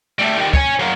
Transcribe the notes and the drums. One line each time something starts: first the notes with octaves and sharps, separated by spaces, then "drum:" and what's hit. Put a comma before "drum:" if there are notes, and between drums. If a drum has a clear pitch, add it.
G3 A3
D#3 G3
C#5 G#5, drum: kick
F#3 A#3